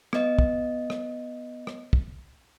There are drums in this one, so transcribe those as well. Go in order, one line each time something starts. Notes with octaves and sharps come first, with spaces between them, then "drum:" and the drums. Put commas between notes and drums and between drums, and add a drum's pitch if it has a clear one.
B3 D#5, drum: rim click
drum: kick
drum: rim click
drum: rim click
drum: kick